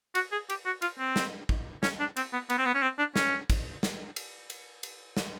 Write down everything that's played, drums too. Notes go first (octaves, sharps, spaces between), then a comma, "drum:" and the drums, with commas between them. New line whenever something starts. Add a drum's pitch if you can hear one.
F#4, drum: cymbal
G#4
G4, drum: cymbal
F#4
F4, drum: cymbal
C4
drum: snare
drum: kick
C#4, drum: snare
D4
C4, drum: cymbal
B3
B3, drum: cymbal
C4
B3
C#4
C4
D4
C#4, drum: snare
drum: kick, cymbal
drum: snare
drum: cymbal
drum: cymbal
drum: cymbal
drum: snare